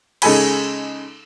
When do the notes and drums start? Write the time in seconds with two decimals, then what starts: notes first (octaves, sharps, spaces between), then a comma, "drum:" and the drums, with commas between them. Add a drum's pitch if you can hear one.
0.22 C#3 G#3 D#4 A4 G#5 B5, drum: cymbal